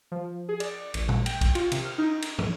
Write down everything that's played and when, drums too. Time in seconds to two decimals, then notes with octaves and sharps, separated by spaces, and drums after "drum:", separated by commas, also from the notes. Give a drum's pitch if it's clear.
0.12 F3
0.49 G#4
0.60 D5, drum: cymbal
0.94 A1, drum: cymbal
1.09 drum: tom A#2
1.26 G5, drum: cymbal
1.41 drum: kick B1, cymbal
1.55 F4, drum: cymbal
1.72 C3, drum: cymbal
1.85 F6
1.98 D#4
2.22 drum: cymbal
2.39 drum: tom